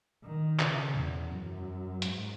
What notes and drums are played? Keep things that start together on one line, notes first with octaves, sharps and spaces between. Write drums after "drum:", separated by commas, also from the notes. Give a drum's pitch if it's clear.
D#3
C#3, drum: clap
E2
F#2
G#2, drum: hi-hat